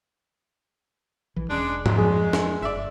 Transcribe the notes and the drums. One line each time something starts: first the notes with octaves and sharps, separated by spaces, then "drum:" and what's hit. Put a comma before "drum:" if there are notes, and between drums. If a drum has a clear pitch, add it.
A#1 E3
E1 G#3 C#4 D4
A#1 F#3 G#3, drum: tom G#2
F2 F3 G#4
drum: snare
G1 D5 E5